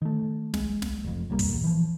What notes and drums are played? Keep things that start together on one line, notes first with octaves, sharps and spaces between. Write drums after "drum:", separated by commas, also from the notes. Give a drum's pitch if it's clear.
D#3 A3
G#3, drum: snare
drum: snare
F1 F2
C2 F#3 G3 A#3
drum: kick, open hi-hat
E2 A#2
E3 F3